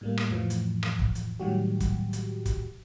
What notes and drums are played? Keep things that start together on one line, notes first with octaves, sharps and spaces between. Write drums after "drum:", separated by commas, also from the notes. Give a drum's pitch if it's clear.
A2 G3 A#3
drum: rim click
F2 A2 E3 F3
drum: hi-hat
drum: rim click
drum: kick
drum: hi-hat
A2 D#3 F#3 G3 F#4 G4
drum: kick, hi-hat
drum: hi-hat
drum: kick, hi-hat